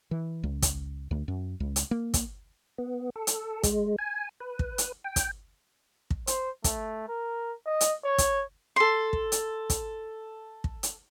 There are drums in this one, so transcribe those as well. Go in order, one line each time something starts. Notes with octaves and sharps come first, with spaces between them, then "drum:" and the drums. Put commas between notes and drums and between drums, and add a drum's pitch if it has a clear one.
E3
C#2
drum: kick, hi-hat
D2
F#2
C#2
drum: hi-hat
A#3
drum: kick, hi-hat
B3
A4
drum: hi-hat
G#3, drum: kick, hi-hat
G#5
B4
drum: kick
drum: hi-hat
G5
drum: kick, hi-hat
drum: kick
C5, drum: hi-hat
A3, drum: kick, hi-hat
A#4
D#5
drum: hi-hat
C#5
drum: kick, hi-hat
A4 C6
drum: kick
drum: hi-hat
drum: kick, hi-hat
drum: kick
drum: hi-hat